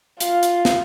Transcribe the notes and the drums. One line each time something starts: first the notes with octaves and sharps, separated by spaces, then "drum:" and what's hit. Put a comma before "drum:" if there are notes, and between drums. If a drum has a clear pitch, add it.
F4 F5, drum: hi-hat
drum: hi-hat
drum: snare